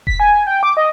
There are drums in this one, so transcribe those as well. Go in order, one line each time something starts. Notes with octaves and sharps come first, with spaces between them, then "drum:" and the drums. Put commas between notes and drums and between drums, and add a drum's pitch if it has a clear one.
B6, drum: kick E1
G#5
G5
D6
D#5